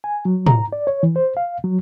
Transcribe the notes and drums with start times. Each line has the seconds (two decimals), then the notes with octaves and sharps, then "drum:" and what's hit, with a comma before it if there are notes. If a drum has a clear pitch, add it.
0.04 G#5
0.25 F#3
0.46 A#5, drum: tom
0.73 D5
0.87 C#5
1.03 E3
1.16 C5
1.37 F5
1.64 F#3